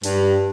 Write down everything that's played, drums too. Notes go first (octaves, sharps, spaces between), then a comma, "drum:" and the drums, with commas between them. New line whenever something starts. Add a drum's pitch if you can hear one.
G2, drum: open hi-hat